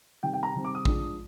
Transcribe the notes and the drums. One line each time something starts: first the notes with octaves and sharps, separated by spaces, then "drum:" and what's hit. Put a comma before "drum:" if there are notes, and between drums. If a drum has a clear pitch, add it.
C3 D#3 G3 C4 G5
G5
A#5
C3 D#3 G3 C4
D6
D#6
F3 G#3 D4, drum: kick